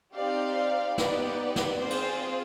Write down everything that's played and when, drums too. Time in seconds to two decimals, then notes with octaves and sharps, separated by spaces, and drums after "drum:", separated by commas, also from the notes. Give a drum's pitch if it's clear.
0.16 C4 D#4 G4 D5 F5
0.98 B3 D#4 G4 B4 D5, drum: snare
1.56 drum: snare
1.80 C4 F4 G#4 C5
1.90 drum: cymbal